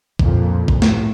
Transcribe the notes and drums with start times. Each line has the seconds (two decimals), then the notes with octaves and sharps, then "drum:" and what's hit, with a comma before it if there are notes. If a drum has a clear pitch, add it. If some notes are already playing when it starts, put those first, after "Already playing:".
0.19 F2 A#2, drum: kick
0.68 drum: kick
0.82 A2, drum: snare